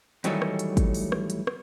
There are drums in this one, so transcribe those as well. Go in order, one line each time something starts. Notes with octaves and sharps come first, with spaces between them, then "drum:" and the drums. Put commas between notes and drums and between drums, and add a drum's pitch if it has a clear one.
A2 D#3 E3 F#3 G3 A3, drum: hi-hat
drum: rim click
drum: hi-hat
drum: kick, hi-hat
drum: open hi-hat
drum: rim click
drum: hi-hat
drum: rim click